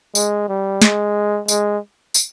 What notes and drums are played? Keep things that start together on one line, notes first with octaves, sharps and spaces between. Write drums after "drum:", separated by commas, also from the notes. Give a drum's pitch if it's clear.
G#3, drum: tambourine
G3
G#3, drum: snare
G#3, drum: tambourine
drum: tambourine